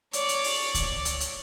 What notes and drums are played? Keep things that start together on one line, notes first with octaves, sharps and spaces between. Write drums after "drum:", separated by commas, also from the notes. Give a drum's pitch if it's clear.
C#5 D5, drum: hi-hat
drum: hi-hat
drum: open hi-hat
drum: kick C#2, hi-hat
drum: hi-hat
drum: hi-hat